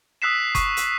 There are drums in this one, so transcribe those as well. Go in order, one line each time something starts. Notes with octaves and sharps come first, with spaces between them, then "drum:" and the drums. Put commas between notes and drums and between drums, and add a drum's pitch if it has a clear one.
D#6 E6 F#6 B6 C7 E7
C#6, drum: kick F#1, hi-hat
drum: hi-hat